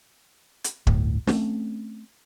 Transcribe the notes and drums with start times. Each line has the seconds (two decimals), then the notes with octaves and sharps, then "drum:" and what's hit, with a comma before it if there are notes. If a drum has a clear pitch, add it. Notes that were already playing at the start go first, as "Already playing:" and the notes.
0.64 drum: hi-hat
0.87 G1 D2 A2, drum: kick
1.27 A3 A#3 C4 C#4, drum: snare